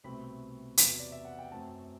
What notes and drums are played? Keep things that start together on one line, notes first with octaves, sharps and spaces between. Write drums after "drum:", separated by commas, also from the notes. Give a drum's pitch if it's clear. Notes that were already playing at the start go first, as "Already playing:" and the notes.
C2 B2 A3 C4 B5
E2 C3 F#3, drum: hi-hat
D5
E5
F#5
G5
F#2 F#3 A3 C4 A5